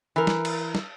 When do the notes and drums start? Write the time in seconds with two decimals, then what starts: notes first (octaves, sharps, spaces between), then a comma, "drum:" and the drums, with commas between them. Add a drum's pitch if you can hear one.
0.16 E3 A#4
0.27 drum: snare
0.45 drum: cymbal
0.75 drum: snare